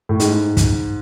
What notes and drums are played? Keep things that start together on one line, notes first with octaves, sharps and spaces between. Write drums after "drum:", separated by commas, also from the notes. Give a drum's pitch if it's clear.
A2
G#2, drum: hi-hat
drum: kick, hi-hat